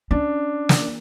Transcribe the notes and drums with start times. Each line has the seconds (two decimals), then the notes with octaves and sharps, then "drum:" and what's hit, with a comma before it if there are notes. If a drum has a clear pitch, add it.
0.11 C#4 D4
0.69 drum: snare